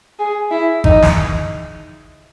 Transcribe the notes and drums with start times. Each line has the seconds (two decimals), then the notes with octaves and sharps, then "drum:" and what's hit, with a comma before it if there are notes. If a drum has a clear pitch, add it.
0.19 G#4
0.51 E4
0.84 D#4, drum: kick G#1
1.03 drum: snare